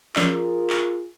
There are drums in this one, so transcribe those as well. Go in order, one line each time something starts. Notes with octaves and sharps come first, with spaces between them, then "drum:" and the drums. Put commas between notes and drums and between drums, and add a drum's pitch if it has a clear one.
F3 C#4 F4 G#4 A#4 D5, drum: clap
drum: clap